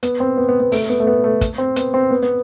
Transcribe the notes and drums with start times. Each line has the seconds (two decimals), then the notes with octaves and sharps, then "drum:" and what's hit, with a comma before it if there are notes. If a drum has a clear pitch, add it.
0.03 B3, drum: hi-hat
0.20 C4
0.38 B3
0.49 B3
0.60 B3
0.72 A3, drum: open hi-hat
0.90 B3
1.00 A3
1.07 B3
1.24 A3
1.41 drum: kick, hi-hat
1.58 C4
1.76 B3, drum: hi-hat
1.94 C4
2.11 B3
2.22 B3